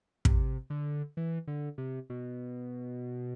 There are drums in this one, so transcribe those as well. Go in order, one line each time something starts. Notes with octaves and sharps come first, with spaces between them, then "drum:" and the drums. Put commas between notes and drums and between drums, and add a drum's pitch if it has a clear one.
C3, drum: kick
D3
E3
D3
C3
B2